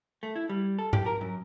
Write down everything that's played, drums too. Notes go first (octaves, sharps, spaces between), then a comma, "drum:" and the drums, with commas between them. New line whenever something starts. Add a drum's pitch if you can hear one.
A3
E4
G3
A4
G4, drum: tom G#2
A#4
F#2